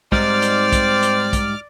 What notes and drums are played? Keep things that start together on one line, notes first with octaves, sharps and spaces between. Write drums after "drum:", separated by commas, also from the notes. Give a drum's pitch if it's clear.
G#2 G3 C4 D#4 D5 D6 F6, drum: kick
drum: hi-hat
drum: kick, hi-hat
drum: hi-hat
drum: kick, hi-hat